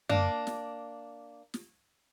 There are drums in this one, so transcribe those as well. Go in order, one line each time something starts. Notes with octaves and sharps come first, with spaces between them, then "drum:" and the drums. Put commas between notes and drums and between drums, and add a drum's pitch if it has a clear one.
A#3 D4, drum: tom F#2
drum: snare
drum: snare